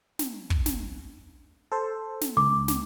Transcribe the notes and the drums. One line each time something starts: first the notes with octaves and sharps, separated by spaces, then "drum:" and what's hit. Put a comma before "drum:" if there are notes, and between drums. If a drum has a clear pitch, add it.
drum: snare
drum: kick
drum: snare
A4 C5
drum: snare
C#2 D6
drum: snare